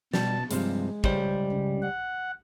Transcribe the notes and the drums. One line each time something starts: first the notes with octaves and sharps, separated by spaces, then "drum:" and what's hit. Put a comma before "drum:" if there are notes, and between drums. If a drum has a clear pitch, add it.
B2 G3 A5, drum: snare
G2 C3 F3 G#3, drum: hi-hat
C#2 G3 C5, drum: kick
C#3
F#5